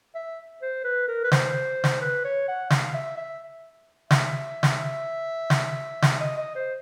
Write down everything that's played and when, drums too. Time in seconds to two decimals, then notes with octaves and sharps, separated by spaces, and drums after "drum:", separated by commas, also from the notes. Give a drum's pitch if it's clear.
0.15 E5
0.62 C5
0.84 B4
1.08 A#4
1.24 B4
1.31 C5, drum: snare
1.84 drum: snare
2.01 B4
2.24 C#5
2.48 F#5
2.70 F5, drum: snare
2.94 E5
3.17 E5
4.11 E5, drum: snare
4.63 drum: snare
5.50 drum: snare
6.02 drum: snare
6.20 D#5
6.37 D#5
6.55 C5